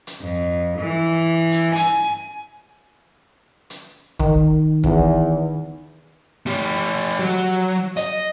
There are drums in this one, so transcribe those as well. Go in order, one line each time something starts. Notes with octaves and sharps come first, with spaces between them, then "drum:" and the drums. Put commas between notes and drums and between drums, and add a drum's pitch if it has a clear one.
drum: hi-hat
F2
E3
drum: hi-hat
G#5, drum: hi-hat
drum: hi-hat
D#3, drum: kick
E2, drum: kick
A3 G4
F#3
D#5, drum: hi-hat